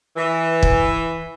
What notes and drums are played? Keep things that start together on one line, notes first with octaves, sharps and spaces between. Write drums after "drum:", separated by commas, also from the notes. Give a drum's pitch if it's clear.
E3
drum: kick